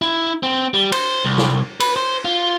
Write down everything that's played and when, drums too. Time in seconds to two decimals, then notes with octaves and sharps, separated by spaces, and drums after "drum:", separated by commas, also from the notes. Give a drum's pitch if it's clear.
0.02 E4
0.43 C4
0.74 G3
0.92 C5, drum: cymbal
1.25 C2
1.38 drum: snare
1.80 B4, drum: cymbal
1.96 C5
2.25 F4